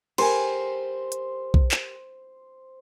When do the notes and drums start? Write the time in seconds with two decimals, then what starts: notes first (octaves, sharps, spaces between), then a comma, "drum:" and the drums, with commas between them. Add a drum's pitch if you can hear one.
0.18 G4 A#4 C5 G#5, drum: cymbal
1.12 drum: hi-hat
1.54 drum: kick B1
1.71 drum: clap